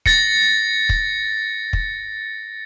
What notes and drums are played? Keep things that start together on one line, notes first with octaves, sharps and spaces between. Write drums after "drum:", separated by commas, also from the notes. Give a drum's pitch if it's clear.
A6 A#6 C#7, drum: kick
drum: kick
drum: kick